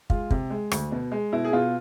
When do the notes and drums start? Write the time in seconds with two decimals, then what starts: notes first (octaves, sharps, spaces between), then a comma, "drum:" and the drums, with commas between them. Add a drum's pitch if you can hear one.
0.10 G#3 F4, drum: kick
0.31 C3, drum: kick
0.50 G#3
0.72 D2, drum: rim click
0.92 B2
1.11 G#3
1.33 B2 E4
1.44 G#4
1.53 B2 F4